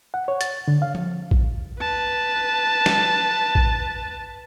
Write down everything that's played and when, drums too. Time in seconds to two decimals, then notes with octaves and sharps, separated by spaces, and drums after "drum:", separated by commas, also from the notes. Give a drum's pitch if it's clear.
0.14 F#5
0.28 C#5
0.41 A6, drum: hi-hat
0.68 D3
0.82 F5
0.95 drum: tom F3
1.31 drum: kick A#1
1.81 B4 A5
2.86 drum: snare
3.55 drum: kick A#1